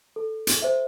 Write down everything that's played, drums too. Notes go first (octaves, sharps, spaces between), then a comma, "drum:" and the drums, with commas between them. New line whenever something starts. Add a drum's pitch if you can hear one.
A4
drum: hi-hat
C5 E5